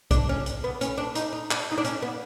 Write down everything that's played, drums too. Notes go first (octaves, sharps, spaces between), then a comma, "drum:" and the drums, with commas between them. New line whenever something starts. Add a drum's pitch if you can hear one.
D4, drum: kick B1, hi-hat
C#4
drum: hi-hat
B3
C#4, drum: hi-hat
D4
D#4, drum: hi-hat
D#4
D4, drum: clap
D#4
D4
C#4, drum: hi-hat
B3